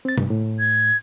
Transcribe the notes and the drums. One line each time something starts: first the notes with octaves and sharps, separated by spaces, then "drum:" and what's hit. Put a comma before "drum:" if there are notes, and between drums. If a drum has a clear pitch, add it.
C4 A6
G2, drum: tom C3
A2
G#6